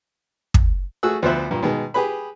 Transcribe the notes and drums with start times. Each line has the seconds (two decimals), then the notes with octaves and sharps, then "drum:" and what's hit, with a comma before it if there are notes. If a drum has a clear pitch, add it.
0.54 drum: kick
1.03 A3 F#4 G#4 E6 F#6
1.22 D2 F3 B3 C5 E5 F#6
1.51 G2 A#2
1.62 B2 D#3 G#3
1.94 G4 G#4 B4 B5